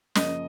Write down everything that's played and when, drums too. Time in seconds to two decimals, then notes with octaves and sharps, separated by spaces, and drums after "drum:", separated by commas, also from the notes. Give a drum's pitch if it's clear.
0.15 F#2 C#3 F3 A#3 D#5, drum: snare